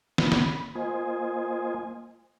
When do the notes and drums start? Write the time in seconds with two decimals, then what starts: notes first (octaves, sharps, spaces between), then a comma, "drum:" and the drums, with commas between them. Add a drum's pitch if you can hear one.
0.18 B5, drum: snare
0.32 drum: snare
0.75 A#3 F4 C5 D#5 G#5